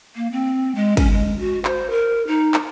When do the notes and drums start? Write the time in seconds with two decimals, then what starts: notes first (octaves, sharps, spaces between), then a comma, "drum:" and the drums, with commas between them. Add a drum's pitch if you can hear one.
0.16 A#3
0.32 C4
0.75 G#3
0.97 C#4, drum: kick, cymbal
1.12 G#3
1.39 F#4
1.65 C5, drum: clap
1.91 A#4
2.27 D#4
2.54 drum: clap